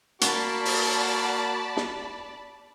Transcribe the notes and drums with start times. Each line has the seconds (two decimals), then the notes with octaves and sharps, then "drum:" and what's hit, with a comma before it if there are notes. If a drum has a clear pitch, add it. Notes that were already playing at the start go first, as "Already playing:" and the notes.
0.21 A#3 F#4 D5 A5 B5, drum: hi-hat
0.65 drum: open hi-hat
1.77 drum: snare